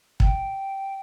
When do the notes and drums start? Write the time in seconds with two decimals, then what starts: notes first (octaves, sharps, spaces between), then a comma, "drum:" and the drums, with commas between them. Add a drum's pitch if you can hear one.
0.20 G5, drum: kick